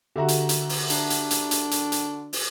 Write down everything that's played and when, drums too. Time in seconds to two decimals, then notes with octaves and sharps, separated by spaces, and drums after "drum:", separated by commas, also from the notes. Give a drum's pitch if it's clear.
0.16 D3 F#4 G4 E5 A#5
0.28 drum: hi-hat
0.49 drum: hi-hat
0.69 drum: open hi-hat
0.90 D4, drum: hi-hat
1.10 drum: hi-hat
1.31 drum: hi-hat
1.51 drum: hi-hat
1.71 drum: hi-hat
1.92 drum: hi-hat
2.33 drum: open hi-hat